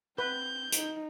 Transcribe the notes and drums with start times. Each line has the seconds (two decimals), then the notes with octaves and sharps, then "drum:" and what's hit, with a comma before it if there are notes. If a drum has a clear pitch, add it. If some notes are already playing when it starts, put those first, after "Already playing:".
0.18 C4 B4 G6
0.72 D#4, drum: hi-hat